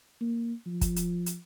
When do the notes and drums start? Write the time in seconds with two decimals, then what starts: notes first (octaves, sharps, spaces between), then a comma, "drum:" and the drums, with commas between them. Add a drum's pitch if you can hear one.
0.21 A#3
0.66 F3
0.81 drum: kick, hi-hat
0.96 drum: hi-hat
1.26 drum: hi-hat